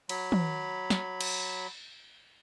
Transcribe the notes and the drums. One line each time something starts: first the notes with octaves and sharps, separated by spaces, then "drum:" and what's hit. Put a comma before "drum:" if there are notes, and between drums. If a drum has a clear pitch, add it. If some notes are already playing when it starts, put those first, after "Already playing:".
F#3 B5, drum: cymbal
drum: tom
drum: snare
drum: cymbal